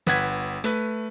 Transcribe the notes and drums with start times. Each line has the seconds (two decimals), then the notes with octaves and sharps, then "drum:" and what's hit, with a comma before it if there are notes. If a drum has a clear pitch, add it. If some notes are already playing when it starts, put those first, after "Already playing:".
0.07 G1 B4 F#5 G#6 B6, drum: snare
0.64 A3 B4, drum: hi-hat